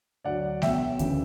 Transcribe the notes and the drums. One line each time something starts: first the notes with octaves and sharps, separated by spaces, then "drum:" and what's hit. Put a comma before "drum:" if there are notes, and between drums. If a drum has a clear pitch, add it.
D2 D3 F#3 D5 F#5
B1 B2 F#3 E5 G5, drum: snare A3
D2 C#3 E3, drum: kick D2, hi-hat